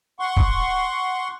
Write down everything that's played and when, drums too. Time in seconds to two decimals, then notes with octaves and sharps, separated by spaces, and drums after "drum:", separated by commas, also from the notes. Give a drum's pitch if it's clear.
0.20 F#5 C6 C#6
0.37 drum: kick